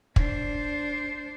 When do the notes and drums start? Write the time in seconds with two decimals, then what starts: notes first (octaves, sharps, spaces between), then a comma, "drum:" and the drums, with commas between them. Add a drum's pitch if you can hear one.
0.16 D4 C5, drum: kick